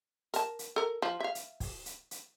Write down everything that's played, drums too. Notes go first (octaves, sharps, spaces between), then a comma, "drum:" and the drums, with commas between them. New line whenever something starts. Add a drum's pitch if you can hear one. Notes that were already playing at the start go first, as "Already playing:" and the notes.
A#4 A5, drum: hi-hat
drum: hi-hat
A4 A#4
F3
E5 F5
drum: hi-hat
drum: kick, open hi-hat
drum: hi-hat
drum: hi-hat